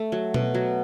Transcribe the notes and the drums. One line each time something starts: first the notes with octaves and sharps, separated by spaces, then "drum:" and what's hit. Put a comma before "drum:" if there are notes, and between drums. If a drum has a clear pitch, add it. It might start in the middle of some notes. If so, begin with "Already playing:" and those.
Already playing: A3
F#3
B2, drum: tom B2
F#3